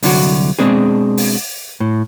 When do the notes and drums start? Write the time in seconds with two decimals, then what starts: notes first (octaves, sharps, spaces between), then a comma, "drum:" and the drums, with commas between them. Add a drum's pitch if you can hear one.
0.03 C2 D3 F#3 F#4, drum: open hi-hat
0.59 B2 G#3 C4 D4 G#4
1.17 drum: open hi-hat
1.80 A2